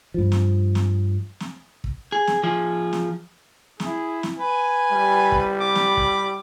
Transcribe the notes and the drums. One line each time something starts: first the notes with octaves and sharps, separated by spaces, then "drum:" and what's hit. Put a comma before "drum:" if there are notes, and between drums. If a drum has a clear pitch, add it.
G2 F3
drum: snare
drum: snare
drum: snare
drum: kick
G#4
drum: snare
F3 G#4
drum: snare
E4 G#4, drum: snare
drum: snare
B4 G#5
G3
drum: kick
B5 D6
drum: snare
drum: kick